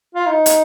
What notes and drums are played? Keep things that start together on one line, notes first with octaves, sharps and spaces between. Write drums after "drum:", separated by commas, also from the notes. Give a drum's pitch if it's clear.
F4
D#4
drum: hi-hat